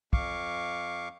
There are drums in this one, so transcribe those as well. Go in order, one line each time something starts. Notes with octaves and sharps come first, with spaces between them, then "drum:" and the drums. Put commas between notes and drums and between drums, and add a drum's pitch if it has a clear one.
F2 F5 C#6 D6, drum: kick